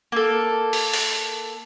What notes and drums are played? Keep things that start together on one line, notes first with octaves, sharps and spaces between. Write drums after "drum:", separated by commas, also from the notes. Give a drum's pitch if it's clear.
A#3 A4
drum: open hi-hat
drum: open hi-hat